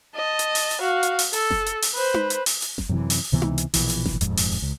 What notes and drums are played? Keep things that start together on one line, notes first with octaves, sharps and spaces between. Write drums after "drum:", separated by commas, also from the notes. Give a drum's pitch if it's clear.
D#5 A5
drum: hi-hat
drum: open hi-hat
drum: hi-hat
F#4 F5
drum: hi-hat
drum: open hi-hat
A4, drum: hi-hat
drum: snare F#1
drum: hi-hat
drum: open hi-hat
B4 C5
drum: tom D#4
drum: hi-hat
drum: open hi-hat
drum: hi-hat
drum: snare F#1
F#2 C3 E3
drum: open hi-hat
C#2 C3 E3 B3
drum: tom D#4
drum: hi-hat
A#1 B2 E3, drum: open hi-hat
drum: hi-hat
drum: snare F#1
D#1 F2 G#2, drum: hi-hat
drum: open hi-hat
C#2